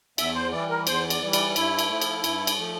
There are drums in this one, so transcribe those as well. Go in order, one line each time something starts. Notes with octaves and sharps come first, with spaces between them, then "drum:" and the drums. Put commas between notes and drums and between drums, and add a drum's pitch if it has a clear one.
E2 E5, drum: cymbal
C5
E3 G3 D5
A#4
E2 C5, drum: cymbal
D5, drum: cymbal
E3 G3
D5, drum: cymbal
G2 E4, drum: cymbal
drum: cymbal
F3 A3
drum: cymbal
G2, drum: cymbal
drum: cymbal
F3 A3